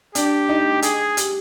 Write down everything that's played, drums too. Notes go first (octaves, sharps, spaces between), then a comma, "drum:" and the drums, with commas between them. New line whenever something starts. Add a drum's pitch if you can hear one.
D4 G4, drum: hi-hat
D#4
G#4, drum: hi-hat
G4, drum: hi-hat